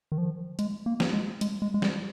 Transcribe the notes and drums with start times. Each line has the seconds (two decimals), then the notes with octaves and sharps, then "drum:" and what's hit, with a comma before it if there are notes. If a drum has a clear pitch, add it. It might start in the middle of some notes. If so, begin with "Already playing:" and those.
0.12 D#3
0.18 F3
0.59 G#3, drum: hi-hat
0.86 A#3
1.00 drum: snare
1.13 G#3
1.41 G#3, drum: hi-hat
1.62 G#3
1.74 G#3
1.82 G3, drum: snare